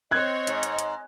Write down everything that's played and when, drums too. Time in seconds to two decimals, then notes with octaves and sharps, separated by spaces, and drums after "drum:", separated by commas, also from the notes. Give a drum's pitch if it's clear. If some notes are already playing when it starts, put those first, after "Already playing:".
0.11 C4 C#5 D#5 F#6 G#6
0.47 G#2, drum: hi-hat
0.63 drum: hi-hat
0.79 drum: hi-hat